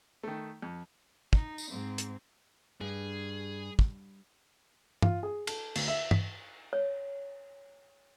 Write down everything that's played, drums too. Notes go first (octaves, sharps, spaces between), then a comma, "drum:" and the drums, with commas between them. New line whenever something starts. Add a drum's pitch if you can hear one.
D#3 A3
F2
D#4, drum: kick
drum: tambourine
G#2 C4
drum: hi-hat
G2 G#4
drum: kick
F4, drum: tom
G#4
A4, drum: cymbal
D2, drum: cymbal
E5
B6, drum: tom G2
C#5